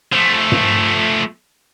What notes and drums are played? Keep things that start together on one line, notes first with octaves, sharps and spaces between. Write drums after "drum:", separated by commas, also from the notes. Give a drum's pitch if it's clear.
F3 A3
drum: tom